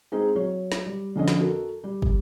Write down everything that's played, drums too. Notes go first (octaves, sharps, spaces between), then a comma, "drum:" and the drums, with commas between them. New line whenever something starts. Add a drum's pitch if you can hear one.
G#3 C4 D#4 G#4
F#3 C#5
drum: snare
G3
F2 D3 C#4 D#5
drum: snare
F#4 A4 A#4
G3
drum: kick